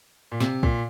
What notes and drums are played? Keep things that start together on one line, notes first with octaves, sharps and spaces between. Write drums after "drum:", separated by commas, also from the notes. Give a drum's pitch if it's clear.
A#2
C3, drum: snare
A#2, drum: kick